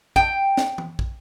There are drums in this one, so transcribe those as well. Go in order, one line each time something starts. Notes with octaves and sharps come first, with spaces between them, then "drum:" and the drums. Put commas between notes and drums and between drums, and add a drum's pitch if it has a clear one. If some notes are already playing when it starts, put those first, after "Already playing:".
G5, drum: kick
drum: snare
drum: tom
drum: kick